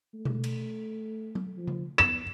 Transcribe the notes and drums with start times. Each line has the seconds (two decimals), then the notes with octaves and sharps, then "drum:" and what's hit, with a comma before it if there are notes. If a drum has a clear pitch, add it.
0.14 A3
0.25 drum: tom B2
0.44 drum: cymbal
1.35 drum: tom F#3
1.57 F3
1.67 drum: tom C#3
1.98 B3 E7